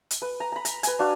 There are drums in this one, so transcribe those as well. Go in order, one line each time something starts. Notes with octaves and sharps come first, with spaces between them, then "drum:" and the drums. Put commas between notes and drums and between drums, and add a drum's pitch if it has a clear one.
drum: hi-hat
B4
A#5
A#5 B5
A#5, drum: hi-hat
B4 G#5, drum: hi-hat
D4 F#4 F5